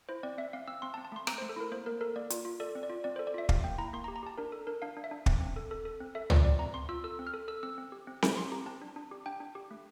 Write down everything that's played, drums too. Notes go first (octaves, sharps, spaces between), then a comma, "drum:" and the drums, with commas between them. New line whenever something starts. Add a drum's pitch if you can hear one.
E4 C5
C4 D5
C4 E5
C4 F5
C4 E6
C4 C6
A5
C4
A5
A3 C6
C4 A#5, drum: rim click
C5
A3
A4
E4 A#4
A#3 C5
A#3 A#4
A4 A#4
A#3 D5
F4, drum: hi-hat
F4
A4 D5
C4
D5
F4
C4 D5
C5
A4
D5
F4 E5
G4 F5, drum: kick
A#3 G5
E4 A#5
A#3 C6
A#5
G4
A#5
G4 A5
D4 A#4
A4
D4 A#4
D4 F5
D4
E5
D4
C4, drum: kick
C4
A4
A4
A4
C4
A4 E5
F4 D5, drum: tom
C4 D5
C4 A#5
C4 C6
F4 E6
A4 E6
C4
F6
A4
A4 E6
C4 E6
C4
G4
C4
C4, drum: snare C4
G4 C6
G4 A#5
C4 A5
D4
D4
G4
D4 G5
D4
G4
A3